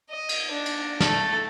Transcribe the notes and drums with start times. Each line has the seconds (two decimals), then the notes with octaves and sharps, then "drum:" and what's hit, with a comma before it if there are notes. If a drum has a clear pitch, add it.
0.10 D#5
0.29 drum: cymbal
0.52 D4
0.65 drum: cymbal
1.00 A3 A4, drum: snare